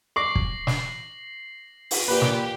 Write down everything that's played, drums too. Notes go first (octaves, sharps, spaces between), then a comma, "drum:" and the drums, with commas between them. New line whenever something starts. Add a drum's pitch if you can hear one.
C#6 D6 A#6 C7 F#7
drum: kick
drum: snare
drum: open hi-hat
A#2 G4 B4
drum: snare